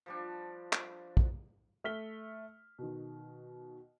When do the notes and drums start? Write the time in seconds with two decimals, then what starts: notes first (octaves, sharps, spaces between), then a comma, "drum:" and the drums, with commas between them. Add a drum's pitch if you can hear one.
0.06 F3 G3 D4
0.73 drum: clap
1.17 drum: kick
1.84 A3 F6 B6 G7
2.79 B2 D#3